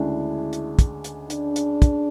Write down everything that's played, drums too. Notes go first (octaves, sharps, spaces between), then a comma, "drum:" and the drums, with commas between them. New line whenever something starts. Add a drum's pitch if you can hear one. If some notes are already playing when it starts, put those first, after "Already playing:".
Already playing: D2 C#3 G#3 D4 E4
drum: hi-hat
drum: kick, hi-hat
drum: hi-hat
D4, drum: hi-hat
drum: hi-hat
drum: kick, hi-hat